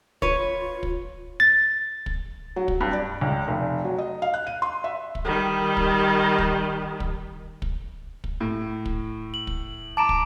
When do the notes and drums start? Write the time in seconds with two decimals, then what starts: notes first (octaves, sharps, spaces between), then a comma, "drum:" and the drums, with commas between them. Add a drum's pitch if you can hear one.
0.22 F4 B4 C#5, drum: kick
0.83 drum: kick
1.40 A6
2.06 drum: kick
2.56 F#3
2.68 drum: kick
2.81 G2
2.93 D5
3.21 C#2
3.48 F1
3.84 F#3
3.98 D#5
4.22 F5
4.34 F#6
4.47 D#7
4.62 C6
4.84 E5
5.15 drum: kick
5.25 D#3 G3
5.77 drum: kick
6.38 drum: kick
7.00 drum: kick
7.62 drum: kick
8.24 drum: kick
8.41 A2
8.85 drum: kick
9.34 F#7
9.47 drum: kick
9.97 A5 A#5 D6 D7 E7
10.09 drum: kick